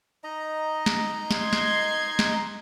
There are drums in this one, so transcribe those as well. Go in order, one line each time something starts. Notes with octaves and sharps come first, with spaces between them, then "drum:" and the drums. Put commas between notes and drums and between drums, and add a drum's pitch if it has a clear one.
D#4 D#5 A#5
drum: snare
C6 G#6, drum: snare
drum: snare
drum: snare